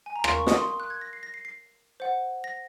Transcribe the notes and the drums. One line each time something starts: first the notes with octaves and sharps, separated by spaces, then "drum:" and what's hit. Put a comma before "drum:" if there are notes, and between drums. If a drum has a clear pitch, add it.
G#5
A#5
A#4 F5 C6, drum: rim click
C#6
D#6, drum: snare
C6
C6
F#6
G#6
A#6
C7
A#6
C7
C7
C5 F#5
A#6